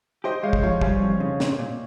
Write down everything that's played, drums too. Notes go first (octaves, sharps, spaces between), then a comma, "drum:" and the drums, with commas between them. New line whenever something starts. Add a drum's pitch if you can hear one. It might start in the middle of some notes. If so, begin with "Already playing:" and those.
G4 C5 D#5
G#3 C#5 F5
drum: kick
F3 C#5 F5
G3 F5 G#5, drum: kick
F2
C#3
A#2, drum: snare
A#2